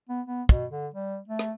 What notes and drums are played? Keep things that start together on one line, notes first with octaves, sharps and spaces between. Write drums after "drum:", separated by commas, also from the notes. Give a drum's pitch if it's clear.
B3
B3
B2, drum: kick
D3
G3
A3
drum: rim click